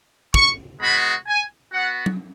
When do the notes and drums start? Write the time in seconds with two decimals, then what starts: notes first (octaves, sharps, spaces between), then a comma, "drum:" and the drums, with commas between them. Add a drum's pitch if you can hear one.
0.34 C#6, drum: kick
0.80 G#3 B3 F#4 B5
1.27 G#5
1.73 B3 F#4 F#5
2.06 drum: tom F#3